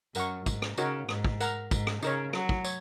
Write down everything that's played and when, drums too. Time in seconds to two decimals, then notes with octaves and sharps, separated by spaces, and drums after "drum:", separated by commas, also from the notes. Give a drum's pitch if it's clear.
0.15 F#2 A#4 F#5 C#6, drum: tambourine
0.46 G#2, drum: kick, tambourine
0.62 drum: rim click
0.77 C#3 D#4 F#4 A#4 C#5, drum: tambourine
1.09 G#2, drum: rim click
1.24 drum: kick
1.41 A#4 F#5 A#5, drum: tambourine
1.71 G#2, drum: kick, tambourine
1.87 drum: rim click
2.02 C#3 D#4 A#4 C#5, drum: tambourine
2.33 F#3, drum: rim click
2.49 drum: kick
2.65 C#5, drum: tambourine